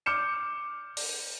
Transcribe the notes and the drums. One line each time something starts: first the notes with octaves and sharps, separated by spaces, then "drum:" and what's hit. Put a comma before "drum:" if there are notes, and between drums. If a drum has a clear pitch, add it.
D6 F6 G6 C#7 E7
drum: open hi-hat